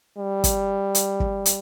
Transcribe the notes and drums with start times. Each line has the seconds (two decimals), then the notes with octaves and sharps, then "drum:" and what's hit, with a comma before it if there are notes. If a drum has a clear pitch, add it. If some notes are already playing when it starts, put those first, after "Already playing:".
0.18 G3
0.44 drum: kick, hi-hat
0.95 drum: hi-hat
1.20 drum: kick
1.46 drum: hi-hat